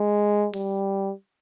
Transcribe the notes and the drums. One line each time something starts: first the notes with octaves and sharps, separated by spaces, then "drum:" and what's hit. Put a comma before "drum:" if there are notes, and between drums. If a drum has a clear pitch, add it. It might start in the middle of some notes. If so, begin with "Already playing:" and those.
Already playing: G#3
G3, drum: open hi-hat